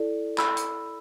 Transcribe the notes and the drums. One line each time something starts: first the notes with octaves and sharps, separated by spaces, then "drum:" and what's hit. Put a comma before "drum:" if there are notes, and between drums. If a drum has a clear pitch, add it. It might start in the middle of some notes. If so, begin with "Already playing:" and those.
Already playing: E4 A4 D5
B5 E6, drum: clap
drum: hi-hat